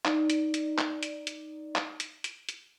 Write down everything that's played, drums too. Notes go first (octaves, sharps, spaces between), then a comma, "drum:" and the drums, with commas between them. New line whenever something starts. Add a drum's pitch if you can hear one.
D#4 D5, drum: clap
drum: hi-hat
drum: hi-hat
drum: clap
drum: hi-hat
drum: hi-hat
drum: clap
drum: hi-hat
drum: hi-hat
drum: hi-hat